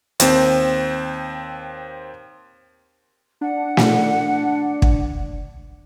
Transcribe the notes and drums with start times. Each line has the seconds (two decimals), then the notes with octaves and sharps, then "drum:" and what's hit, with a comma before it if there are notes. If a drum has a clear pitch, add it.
0.20 D#2 C4, drum: hi-hat
3.41 D4 F#5
3.77 drum: snare
4.82 drum: kick